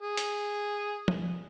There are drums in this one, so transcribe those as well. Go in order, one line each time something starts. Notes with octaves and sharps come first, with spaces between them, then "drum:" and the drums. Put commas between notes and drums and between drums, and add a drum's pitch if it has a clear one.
G#4
drum: hi-hat
drum: tom F3